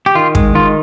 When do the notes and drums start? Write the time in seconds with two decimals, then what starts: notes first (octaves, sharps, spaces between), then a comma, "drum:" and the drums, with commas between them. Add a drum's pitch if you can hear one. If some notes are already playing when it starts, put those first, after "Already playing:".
0.06 G4
0.15 D#3 F4
0.35 G#3, drum: kick
0.55 D#3 F4